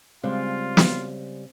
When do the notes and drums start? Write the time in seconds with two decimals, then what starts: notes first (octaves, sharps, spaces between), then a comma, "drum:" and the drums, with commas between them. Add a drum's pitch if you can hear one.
0.24 C#3 G3 G#3 C4 F4 C5
0.77 drum: snare